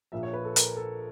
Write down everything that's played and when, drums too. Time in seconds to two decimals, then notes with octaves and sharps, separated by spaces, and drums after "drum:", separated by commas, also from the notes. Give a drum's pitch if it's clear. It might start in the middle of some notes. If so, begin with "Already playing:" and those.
0.12 A#1 A#2 F3 E5
0.23 C#5
0.33 B4
0.45 A4
0.56 A#4, drum: hi-hat
0.76 A4